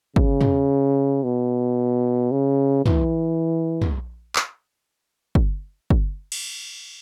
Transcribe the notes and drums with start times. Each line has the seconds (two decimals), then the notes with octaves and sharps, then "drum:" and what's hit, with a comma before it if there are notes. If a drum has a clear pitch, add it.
0.16 C#3, drum: kick
0.41 drum: tom
1.24 B2
2.32 C#3
2.86 E3, drum: tom
3.82 drum: tom
4.36 drum: clap
5.35 drum: kick
5.90 drum: kick
6.32 drum: cymbal